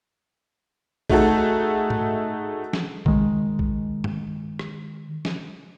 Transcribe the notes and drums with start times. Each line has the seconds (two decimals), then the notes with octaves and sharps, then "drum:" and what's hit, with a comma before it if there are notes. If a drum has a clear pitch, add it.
1.10 A3 D#4 F#4 G#4 A4, drum: kick A#1
1.90 drum: tom G#2
2.73 drum: snare
3.06 D#3 G#3, drum: kick A#1
3.59 drum: kick A#1
4.04 drum: tom G2
4.59 drum: rim click
5.25 drum: snare